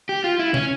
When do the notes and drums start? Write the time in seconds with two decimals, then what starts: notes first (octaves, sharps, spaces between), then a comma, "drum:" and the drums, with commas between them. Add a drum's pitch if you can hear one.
0.09 G4
0.24 F4
0.39 E4
0.54 C#4, drum: tom